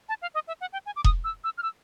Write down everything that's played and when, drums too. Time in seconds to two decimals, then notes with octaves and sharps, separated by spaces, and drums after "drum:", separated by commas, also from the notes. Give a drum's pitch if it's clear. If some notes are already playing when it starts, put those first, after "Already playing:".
0.09 A5
0.22 F5
0.34 D#5
0.47 E5
0.61 F#5
0.73 G5
0.86 G#5
0.96 D6
1.04 D#6, drum: kick E1
1.24 E6
1.44 E6
1.58 F6
1.63 E6